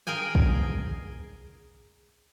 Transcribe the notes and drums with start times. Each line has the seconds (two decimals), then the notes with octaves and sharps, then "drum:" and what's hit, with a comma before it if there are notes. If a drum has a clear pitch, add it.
0.07 G#4 A#4 G5 G#5
0.35 drum: kick